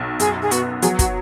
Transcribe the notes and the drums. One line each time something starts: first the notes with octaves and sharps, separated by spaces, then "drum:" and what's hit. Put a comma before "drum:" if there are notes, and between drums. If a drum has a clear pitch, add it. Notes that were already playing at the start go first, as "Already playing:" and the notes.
Already playing: B1
F#2 G#4, drum: hi-hat
G#4
B3 F#4, drum: hi-hat
F#3 G#4, drum: hi-hat
F#4, drum: kick, hi-hat